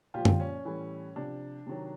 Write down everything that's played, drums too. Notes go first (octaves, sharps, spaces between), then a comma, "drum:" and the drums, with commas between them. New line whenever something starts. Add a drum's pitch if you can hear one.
A#2 F3 F4 G4
drum: tom F#2
C#4
A2 E3 G3
C3 F3 D4
C3 D#3 F#3